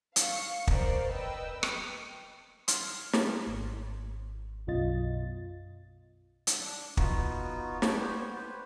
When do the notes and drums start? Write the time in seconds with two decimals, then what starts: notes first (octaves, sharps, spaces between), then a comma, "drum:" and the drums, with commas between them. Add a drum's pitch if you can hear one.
0.16 F5 C#6 C#7, drum: hi-hat
0.67 A#4 C5 D5, drum: kick
1.08 B4 D#5 G5 E6
1.63 drum: rim click
2.68 C6 F6 G#6, drum: hi-hat
3.13 drum: snare
3.47 G#1
4.67 B1 F#2 B2 F4 D#5 A6
6.47 drum: hi-hat
6.60 D4
6.97 B3 D#4 F4 F#4, drum: kick
7.82 D4 B4 C#5 G5, drum: snare
8.00 B3 G4 C5 C#5
8.36 B4 C5